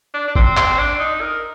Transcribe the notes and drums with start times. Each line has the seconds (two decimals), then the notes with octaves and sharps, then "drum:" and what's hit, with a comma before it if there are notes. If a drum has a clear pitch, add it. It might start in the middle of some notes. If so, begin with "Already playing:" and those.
0.14 D4
0.28 D4
0.35 C4, drum: kick G#1
0.57 C4, drum: clap
0.78 D4
0.99 D#4
1.21 A#4